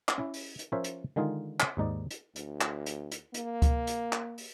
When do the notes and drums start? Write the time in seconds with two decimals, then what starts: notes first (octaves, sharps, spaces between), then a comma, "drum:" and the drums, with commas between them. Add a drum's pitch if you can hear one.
0.09 drum: clap
0.18 C#4 E4
0.34 drum: open hi-hat
0.59 drum: hi-hat
0.72 F3 C#4 A#4 C5 C#5 E5
0.84 drum: hi-hat
1.16 D3 D#3 G#3 D#4 F4 G#4
1.60 drum: clap
1.77 D#2 G#2 D#4 D5
2.11 drum: hi-hat
2.36 D2, drum: hi-hat
2.61 drum: clap
2.86 drum: hi-hat
3.12 drum: hi-hat
3.34 A#3, drum: hi-hat
3.62 drum: kick C#2, hi-hat
3.87 drum: hi-hat
4.13 drum: clap
4.38 drum: open hi-hat